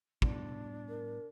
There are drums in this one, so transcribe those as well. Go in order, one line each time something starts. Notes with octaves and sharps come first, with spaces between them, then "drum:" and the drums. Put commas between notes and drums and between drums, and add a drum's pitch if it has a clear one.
A2 G3 B3 D4, drum: kick
A#4